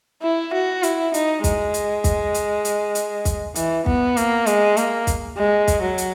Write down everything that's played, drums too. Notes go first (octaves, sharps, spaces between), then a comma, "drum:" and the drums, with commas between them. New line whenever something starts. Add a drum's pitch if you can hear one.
E4
F#4
E4, drum: hi-hat
D#4, drum: hi-hat
G#3, drum: kick, hi-hat
drum: hi-hat
drum: kick, hi-hat
drum: hi-hat
drum: hi-hat
drum: hi-hat
drum: kick, hi-hat
E3, drum: hi-hat
B3, drum: kick
A#3, drum: hi-hat
G#3, drum: hi-hat
A#3, drum: hi-hat
drum: kick, hi-hat
G#3
drum: kick, hi-hat
F#3
drum: hi-hat